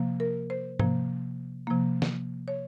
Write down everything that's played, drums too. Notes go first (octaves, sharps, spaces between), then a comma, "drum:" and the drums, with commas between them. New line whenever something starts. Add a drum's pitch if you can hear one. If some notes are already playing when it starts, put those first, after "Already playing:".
Already playing: C3 F3 A#3
A#4
C5
C3 F3 A#3, drum: tom G#2
C3 F3 A#3
drum: snare
C#5